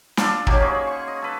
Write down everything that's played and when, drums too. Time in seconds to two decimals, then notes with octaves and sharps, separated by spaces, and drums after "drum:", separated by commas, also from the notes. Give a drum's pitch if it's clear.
0.17 D4 F4 A4 D5, drum: snare
0.47 F#3 A#3 D#4 G4, drum: kick
0.60 C#4 G#4 C5
0.87 C#6
1.08 D#5
1.22 A4 B4